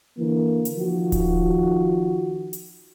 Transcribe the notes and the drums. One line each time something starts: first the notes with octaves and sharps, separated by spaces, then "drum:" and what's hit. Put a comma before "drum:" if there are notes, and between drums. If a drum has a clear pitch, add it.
D3 E3 A#3
drum: hi-hat
D#3 F3 F#4
drum: kick D1, hi-hat
drum: hi-hat